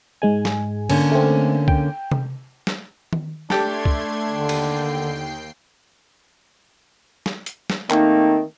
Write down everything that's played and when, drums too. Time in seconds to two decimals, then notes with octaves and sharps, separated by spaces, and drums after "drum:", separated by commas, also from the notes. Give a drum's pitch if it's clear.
0.22 G#2 G#3 G#5
0.45 drum: snare
0.90 D3 A#3 C#4, drum: cymbal
1.12 A3 C4
1.68 G5, drum: kick C2
2.12 drum: tom C3
2.67 drum: snare
3.13 drum: tom D#3
3.50 A3 D4 G4 A4 C6 G#6, drum: snare
3.85 drum: kick C2
4.29 D#2 D3 G5 C7
4.49 drum: cymbal
7.26 drum: snare
7.46 drum: hi-hat
7.70 drum: snare
7.90 D#3 A3 A#3 C4 D#4, drum: clap